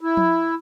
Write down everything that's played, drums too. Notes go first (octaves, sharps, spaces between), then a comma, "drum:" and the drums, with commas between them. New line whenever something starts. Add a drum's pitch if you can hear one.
E4
drum: tom F3